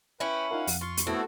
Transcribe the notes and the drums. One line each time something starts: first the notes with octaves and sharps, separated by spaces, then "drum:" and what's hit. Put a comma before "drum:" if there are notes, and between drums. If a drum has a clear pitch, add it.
C#4 E4 B4 G5 B5
D#4 F4 A#4 F5 F#5
F2, drum: open hi-hat
F4 C6 C#6
drum: hi-hat
A3 B3 C4 E4 F#4 A4